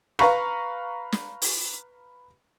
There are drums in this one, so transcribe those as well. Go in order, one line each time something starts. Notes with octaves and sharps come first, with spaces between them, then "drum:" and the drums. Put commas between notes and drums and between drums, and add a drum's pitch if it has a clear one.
B4 F5 A#5 B5 C#6, drum: rim click
drum: snare
drum: open hi-hat